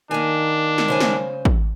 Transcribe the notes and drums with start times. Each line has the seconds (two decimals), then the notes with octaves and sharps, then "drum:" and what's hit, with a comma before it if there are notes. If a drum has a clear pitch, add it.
0.11 D#3 A#3 D4 G#5
0.78 drum: snare
0.88 C#3 C5 G#5
1.00 drum: snare
1.45 drum: kick